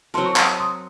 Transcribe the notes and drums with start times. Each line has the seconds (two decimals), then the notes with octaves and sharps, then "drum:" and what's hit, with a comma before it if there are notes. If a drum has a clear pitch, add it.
0.14 F#3 C4 F#4 A#4 A5 C6
0.26 C#6
0.36 A5 C6, drum: clap
0.60 C6 D#6